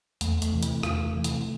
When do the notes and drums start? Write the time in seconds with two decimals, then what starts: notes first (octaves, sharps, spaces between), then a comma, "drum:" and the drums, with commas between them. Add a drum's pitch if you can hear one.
0.21 E2 A3, drum: hi-hat
0.42 drum: hi-hat
0.52 C3 E3
0.63 drum: hi-hat
0.83 E2, drum: rim click
1.14 C3 E3
1.24 drum: hi-hat